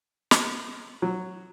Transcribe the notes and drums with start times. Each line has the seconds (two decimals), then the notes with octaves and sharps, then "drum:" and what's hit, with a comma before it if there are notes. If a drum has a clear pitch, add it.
0.31 drum: snare
1.02 F#3